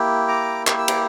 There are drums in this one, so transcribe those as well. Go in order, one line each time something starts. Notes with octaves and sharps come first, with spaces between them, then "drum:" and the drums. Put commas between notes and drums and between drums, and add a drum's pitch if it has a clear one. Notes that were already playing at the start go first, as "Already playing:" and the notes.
Already playing: A#3 E4 G4
A#5 D6
A#3 E4 G4, drum: clap
E6
D6, drum: cymbal